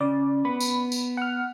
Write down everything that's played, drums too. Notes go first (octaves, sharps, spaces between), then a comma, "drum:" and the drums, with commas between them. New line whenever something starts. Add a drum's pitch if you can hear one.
C#3 D5
B3 B5
drum: tambourine
drum: tambourine
F#5 F6